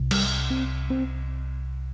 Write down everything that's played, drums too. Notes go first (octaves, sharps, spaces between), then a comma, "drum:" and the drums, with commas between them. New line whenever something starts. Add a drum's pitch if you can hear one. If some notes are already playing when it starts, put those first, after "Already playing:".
Already playing: C2 C3
G3, drum: cymbal
C4
C4